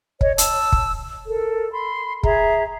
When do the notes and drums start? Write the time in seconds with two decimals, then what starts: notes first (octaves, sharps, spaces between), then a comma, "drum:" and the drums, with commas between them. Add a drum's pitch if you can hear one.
0.21 C#5 D#5, drum: kick
0.38 A5 E6, drum: hi-hat
0.73 drum: kick
1.28 A4 A#4
1.72 B5 C6
2.23 G#4 E5 A#5, drum: kick